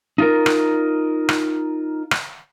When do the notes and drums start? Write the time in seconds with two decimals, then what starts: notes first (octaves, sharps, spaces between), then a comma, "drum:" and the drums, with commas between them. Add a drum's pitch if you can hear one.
0.18 D#4 F4 A#4
0.46 drum: rim click
1.29 drum: rim click
2.11 drum: rim click